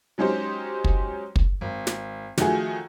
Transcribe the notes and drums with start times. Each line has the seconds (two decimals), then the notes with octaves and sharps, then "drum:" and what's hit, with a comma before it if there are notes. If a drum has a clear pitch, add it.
0.18 F#3 G#3 C#4 D#4 G4 C5
0.84 drum: kick
1.36 drum: kick
1.61 G#1
1.87 drum: snare
2.38 D#3 F3 A3 F#4 G#4, drum: snare